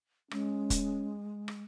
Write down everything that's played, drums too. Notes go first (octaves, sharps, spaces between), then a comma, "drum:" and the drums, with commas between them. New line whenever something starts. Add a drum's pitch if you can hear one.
G#3 C#4, drum: rim click
drum: kick, hi-hat
drum: rim click